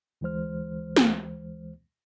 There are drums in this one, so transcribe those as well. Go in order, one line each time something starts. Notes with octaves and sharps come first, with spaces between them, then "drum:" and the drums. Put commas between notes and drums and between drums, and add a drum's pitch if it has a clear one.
D2 E3 G#3 C5 F6
drum: snare